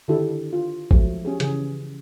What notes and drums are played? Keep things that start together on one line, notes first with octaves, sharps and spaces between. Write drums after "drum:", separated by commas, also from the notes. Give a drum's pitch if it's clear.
D3 D#3 D4 E4 G4 A4
F4
F3 F#3 G#3 A3, drum: kick A1
C#4 G4 G#4
C#3 E3 G#4, drum: hi-hat